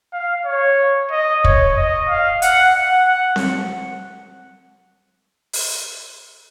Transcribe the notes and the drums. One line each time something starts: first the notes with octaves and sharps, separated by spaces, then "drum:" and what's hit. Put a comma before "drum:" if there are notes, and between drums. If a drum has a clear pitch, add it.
F5
C#5
D#5
C#5, drum: kick
D#5
F5
F#5, drum: hi-hat
F#5
F#5
drum: snare C4
drum: open hi-hat